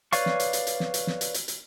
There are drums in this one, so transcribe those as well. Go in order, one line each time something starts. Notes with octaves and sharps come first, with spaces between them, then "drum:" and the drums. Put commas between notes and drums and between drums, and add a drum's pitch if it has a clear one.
B4 C#5 D5 F5 C#6, drum: hi-hat
drum: snare
drum: hi-hat
drum: hi-hat
drum: hi-hat
drum: snare
drum: hi-hat
drum: snare
drum: hi-hat
drum: hi-hat
drum: hi-hat